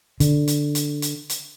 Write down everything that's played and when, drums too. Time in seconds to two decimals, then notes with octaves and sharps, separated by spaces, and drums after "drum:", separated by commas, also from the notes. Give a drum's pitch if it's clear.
0.20 D3, drum: hi-hat
0.48 drum: hi-hat
0.75 drum: hi-hat
1.02 drum: hi-hat
1.30 drum: hi-hat